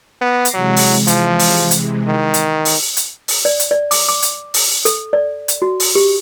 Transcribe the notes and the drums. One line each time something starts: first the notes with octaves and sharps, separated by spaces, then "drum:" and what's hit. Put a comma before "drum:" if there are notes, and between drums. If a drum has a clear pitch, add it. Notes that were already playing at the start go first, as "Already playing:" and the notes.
B3 D6 A#6 C7
drum: hi-hat
C3 E3 F#3 G#3
drum: open hi-hat
F3, drum: hi-hat
drum: open hi-hat
drum: hi-hat
D#3
drum: hi-hat
drum: open hi-hat
drum: hi-hat
drum: open hi-hat
D5
drum: hi-hat
D5
D6, drum: open hi-hat
D6
drum: hi-hat
drum: open hi-hat
A4, drum: hi-hat
D5
drum: hi-hat
F#4
drum: open hi-hat
G4